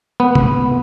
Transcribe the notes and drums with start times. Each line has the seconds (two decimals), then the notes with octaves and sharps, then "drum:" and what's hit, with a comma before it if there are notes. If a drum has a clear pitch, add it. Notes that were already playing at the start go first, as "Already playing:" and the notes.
0.20 B3
0.35 drum: tom C3